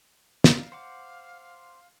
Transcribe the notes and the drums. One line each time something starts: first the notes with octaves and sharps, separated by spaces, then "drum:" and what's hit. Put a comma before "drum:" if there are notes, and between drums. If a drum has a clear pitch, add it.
D4 D#4 F4 F5, drum: snare
C5 F#5 D6